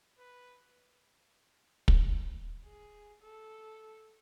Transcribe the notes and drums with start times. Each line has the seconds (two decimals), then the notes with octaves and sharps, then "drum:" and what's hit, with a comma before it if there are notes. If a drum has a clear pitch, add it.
0.19 B4
1.88 drum: kick
2.65 G#4
3.22 A4